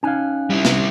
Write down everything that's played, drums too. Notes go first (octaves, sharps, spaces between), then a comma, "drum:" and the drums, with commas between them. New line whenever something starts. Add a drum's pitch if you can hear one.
C#4 D#4 F5 G#5 F#6
G3 E4
C2, drum: snare